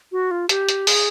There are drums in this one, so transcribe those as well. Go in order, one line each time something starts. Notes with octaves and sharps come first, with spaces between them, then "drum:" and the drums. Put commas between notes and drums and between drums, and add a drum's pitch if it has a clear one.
F#4
F4
G4, drum: hi-hat
drum: hi-hat
G#4, drum: open hi-hat